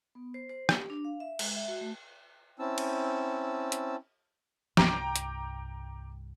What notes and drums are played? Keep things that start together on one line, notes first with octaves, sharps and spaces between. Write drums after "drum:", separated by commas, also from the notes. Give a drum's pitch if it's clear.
B3
C5
C5
G4, drum: rim click
D4
F5
E5
G#3, drum: cymbal
E5
F#4
A3
C4 C#4 E4 A5 E6
drum: cymbal
drum: hi-hat
C2 G2 G5 A#5 D6, drum: snare
drum: hi-hat